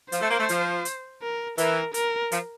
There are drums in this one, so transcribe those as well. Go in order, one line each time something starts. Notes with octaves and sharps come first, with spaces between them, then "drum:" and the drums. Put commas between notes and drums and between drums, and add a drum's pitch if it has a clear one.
F3 C5, drum: hi-hat
A3
A#3
A3
F3, drum: hi-hat
drum: hi-hat
A#4
E3 A#4, drum: hi-hat
A#4, drum: hi-hat
F3, drum: hi-hat